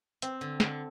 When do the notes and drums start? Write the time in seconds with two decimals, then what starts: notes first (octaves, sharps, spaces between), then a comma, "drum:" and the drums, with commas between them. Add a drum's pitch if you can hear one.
0.22 C4, drum: hi-hat
0.41 D3
0.60 D3, drum: snare